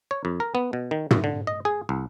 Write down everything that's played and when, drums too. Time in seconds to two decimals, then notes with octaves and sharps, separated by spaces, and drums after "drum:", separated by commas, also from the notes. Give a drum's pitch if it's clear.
0.11 C#5
0.25 F2
0.40 A#4
0.55 B3
0.73 B2
0.91 D#3
1.11 F#2, drum: tom
1.24 D3
1.47 D#5
1.65 G#4
1.89 C2